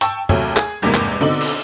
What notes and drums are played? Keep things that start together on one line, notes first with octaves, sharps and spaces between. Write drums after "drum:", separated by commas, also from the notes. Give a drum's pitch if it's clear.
G5 A5 C#6 E6, drum: hi-hat
D#2 C3 F#3 A3 C#5, drum: tom
G#4, drum: clap
G1 E2 G#2 C3 A#3 B6
drum: clap
B2 D3 C4 D#4 D6 F#7
drum: cymbal